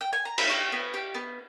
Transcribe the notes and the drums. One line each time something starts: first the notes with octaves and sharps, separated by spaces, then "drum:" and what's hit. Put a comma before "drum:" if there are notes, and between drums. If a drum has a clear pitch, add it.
G5
G#5
A#5
B5, drum: cymbal
G4 C#6
B3
G4
B3